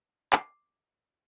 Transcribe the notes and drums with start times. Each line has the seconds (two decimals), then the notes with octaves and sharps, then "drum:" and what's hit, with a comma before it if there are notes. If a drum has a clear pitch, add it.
0.33 D6 C7, drum: clap